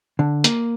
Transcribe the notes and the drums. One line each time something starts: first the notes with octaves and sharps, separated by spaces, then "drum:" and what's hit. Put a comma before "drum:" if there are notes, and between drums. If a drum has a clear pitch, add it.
D3
A#3, drum: hi-hat